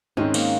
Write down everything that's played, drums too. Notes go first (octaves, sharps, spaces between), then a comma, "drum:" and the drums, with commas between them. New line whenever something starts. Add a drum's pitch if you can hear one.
G#2 D#3 G#3 C4 C#4 D#4
A#3, drum: cymbal